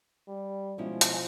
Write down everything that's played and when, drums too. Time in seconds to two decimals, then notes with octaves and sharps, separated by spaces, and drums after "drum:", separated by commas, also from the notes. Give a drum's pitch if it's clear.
0.28 G3
0.78 B2 F3 G#3 C#4 E4
1.01 drum: hi-hat